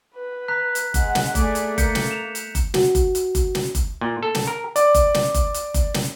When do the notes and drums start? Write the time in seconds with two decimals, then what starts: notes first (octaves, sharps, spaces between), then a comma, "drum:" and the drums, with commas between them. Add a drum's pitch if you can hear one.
0.15 B4
0.48 A#5 F#6 B6
0.75 drum: hi-hat
0.94 G#3 F#5, drum: kick F#1, hi-hat
1.15 drum: snare
1.35 A3 G#4 D5, drum: kick F#1, hi-hat
1.55 drum: hi-hat
1.78 A#3 G6 B6 C#7, drum: kick F#1, hi-hat
1.95 drum: snare
2.11 E7 F7
2.35 drum: hi-hat
2.55 drum: kick F#1, hi-hat
2.74 F#4, drum: snare
2.95 drum: kick F#1, hi-hat
3.15 drum: hi-hat
3.35 drum: kick F#1, hi-hat
3.55 drum: snare
3.75 drum: kick F#1, hi-hat
4.01 A#2
4.23 A4
4.35 drum: snare
4.47 A#4
4.76 D5, drum: hi-hat
4.94 drum: kick F#1, hi-hat
5.14 drum: snare
5.34 drum: kick F#1, hi-hat
5.54 drum: hi-hat
5.74 drum: kick F#1, hi-hat
5.94 drum: snare